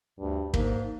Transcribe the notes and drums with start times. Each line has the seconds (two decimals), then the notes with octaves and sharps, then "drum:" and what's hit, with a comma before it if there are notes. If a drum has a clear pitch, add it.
0.19 D2 G2
0.54 G#2 A#3, drum: kick